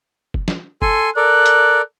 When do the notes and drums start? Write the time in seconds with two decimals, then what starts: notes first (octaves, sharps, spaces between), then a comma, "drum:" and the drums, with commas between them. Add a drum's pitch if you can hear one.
0.34 drum: kick
0.48 drum: snare
0.82 A4 G#5 C6, drum: kick
1.16 A4 A#4 D5 F#6
1.46 drum: hi-hat